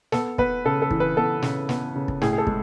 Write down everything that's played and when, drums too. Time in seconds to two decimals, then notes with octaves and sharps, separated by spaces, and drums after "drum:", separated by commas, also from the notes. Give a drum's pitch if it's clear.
0.12 B3 A4, drum: snare
0.38 B3 B4, drum: kick
0.65 C#3 A4
0.82 A4
0.91 E3, drum: kick
1.00 B4
1.17 B3 A4
1.42 C#3, drum: snare
1.69 B3, drum: snare
1.95 C#3
2.08 drum: kick
2.22 A2 G#4, drum: snare
2.33 G#4
2.38 A4
2.47 G#3, drum: kick